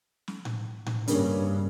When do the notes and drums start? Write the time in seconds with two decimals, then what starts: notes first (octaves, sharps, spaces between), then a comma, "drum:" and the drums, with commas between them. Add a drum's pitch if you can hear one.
0.28 drum: snare
0.45 drum: tom A2
0.86 drum: tom A2
1.08 G2 C#3 A#3 C#4, drum: hi-hat